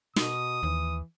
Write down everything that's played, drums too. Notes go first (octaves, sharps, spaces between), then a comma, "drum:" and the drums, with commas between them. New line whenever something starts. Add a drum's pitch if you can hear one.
B2 D#6, drum: snare
D#2 E3